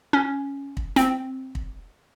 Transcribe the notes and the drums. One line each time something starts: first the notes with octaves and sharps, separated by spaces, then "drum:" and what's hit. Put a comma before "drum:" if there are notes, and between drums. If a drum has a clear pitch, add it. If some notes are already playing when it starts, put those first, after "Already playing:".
C#4
drum: kick
C4, drum: snare
drum: kick